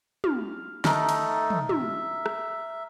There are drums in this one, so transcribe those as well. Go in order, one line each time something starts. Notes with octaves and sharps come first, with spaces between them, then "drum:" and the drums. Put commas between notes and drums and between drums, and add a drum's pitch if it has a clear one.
F5, drum: tom
A3 D#4 A4 A#4, drum: snare
drum: cymbal
drum: tom
E5, drum: tom
drum: rim click